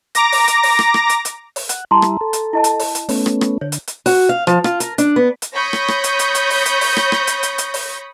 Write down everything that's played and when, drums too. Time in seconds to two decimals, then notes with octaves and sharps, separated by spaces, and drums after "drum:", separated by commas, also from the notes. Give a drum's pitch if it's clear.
0.15 A#5 D6 A#6, drum: hi-hat
0.32 drum: open hi-hat
0.48 drum: hi-hat
0.63 drum: open hi-hat
0.79 drum: rim click
0.94 drum: rim click
1.10 drum: hi-hat
1.25 drum: hi-hat
1.56 drum: open hi-hat
1.69 F#5, drum: hi-hat
1.91 G3 E4 A5 A#5 C6
2.02 drum: rim click
2.21 A4
2.33 drum: hi-hat
2.53 E4 D#5 A5
2.64 drum: hi-hat
2.79 drum: open hi-hat
2.95 drum: hi-hat
3.09 A3 B3 C#4, drum: open hi-hat
3.26 drum: rim click
3.41 drum: rim click
3.61 D3 C#5
3.72 drum: hi-hat
3.88 drum: hi-hat
4.06 F#4, drum: open hi-hat
4.29 F5
4.47 F3, drum: rim click
4.64 F4, drum: rim click
4.80 A#4, drum: hi-hat
4.98 D4, drum: hi-hat
5.16 B3
5.42 drum: hi-hat
5.54 C#5 B5 C#6 D#6 G6 A#6
5.73 drum: rim click
5.88 drum: rim click
6.04 drum: hi-hat
6.19 drum: hi-hat
6.35 drum: hi-hat
6.50 drum: open hi-hat
6.66 drum: hi-hat
6.81 drum: open hi-hat
6.97 drum: rim click
7.12 drum: rim click
7.27 drum: hi-hat
7.43 drum: hi-hat
7.58 drum: hi-hat
7.74 drum: open hi-hat